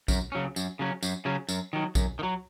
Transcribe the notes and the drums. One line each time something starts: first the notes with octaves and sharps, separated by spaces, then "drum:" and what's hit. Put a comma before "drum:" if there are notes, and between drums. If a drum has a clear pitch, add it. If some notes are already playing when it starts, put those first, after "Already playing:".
F#2, drum: kick A#1, tambourine
C#3 F#3 C#4
F#2, drum: tambourine
C#3 F#3 C#4
F#2, drum: tambourine
C#3 F#3 C#4
F#2, drum: tambourine
D#3 F#3
F#2, drum: kick A#1, tambourine
D#3
F#3